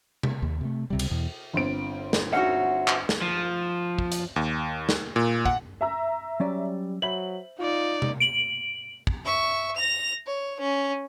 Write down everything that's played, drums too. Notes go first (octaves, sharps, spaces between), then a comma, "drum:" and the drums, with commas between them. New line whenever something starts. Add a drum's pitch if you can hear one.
drum: tom C3
D#2
C3 A3
C#2 C3 G3
drum: cymbal
E2 B2 E3
G1 C4 D7
drum: snare
C#4 D#4 F#4 E5 F#5
drum: clap
drum: snare
F3
drum: kick
drum: hi-hat
D#2
drum: snare
A#2
F#5, drum: kick
E5 A#5 E6
F#3 G3 C#4 D5
F#3 C5 E5 B5 F#7
D#4 F4 D5
drum: tom C3
D7 F#7
drum: kick
E5 C#6
A#6 F7
C#5
C#4